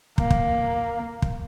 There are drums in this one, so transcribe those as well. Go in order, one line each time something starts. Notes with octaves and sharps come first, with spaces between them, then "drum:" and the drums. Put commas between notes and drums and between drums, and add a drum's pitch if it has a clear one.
A#3, drum: kick
drum: kick
drum: kick